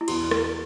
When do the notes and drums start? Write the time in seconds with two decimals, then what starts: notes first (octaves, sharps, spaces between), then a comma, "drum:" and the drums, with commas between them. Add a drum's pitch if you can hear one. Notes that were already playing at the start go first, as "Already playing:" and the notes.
0.01 E4
0.08 E2 F#4, drum: cymbal
0.31 drum: rim click